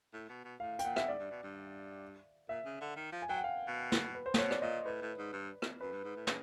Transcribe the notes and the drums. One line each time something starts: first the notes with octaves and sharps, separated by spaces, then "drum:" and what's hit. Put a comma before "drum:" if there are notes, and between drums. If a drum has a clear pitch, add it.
A2
B2
B2
A2 F5
G5, drum: hi-hat
A#2 F#5
E5, drum: rim click
G#2 D5
G2
B2
G2
A#2 E5
C#3
D3
D#3
F3
G#5
F#3 G5
F#5
F5
B2
drum: snare
B4
C5
A#2, drum: snare
B2 C#5
D5, drum: rim click
A#2 D#5
A2 B4
A2
G#2
G2
drum: rim click
F#2 B4
G2
G#2
A2
C#3, drum: snare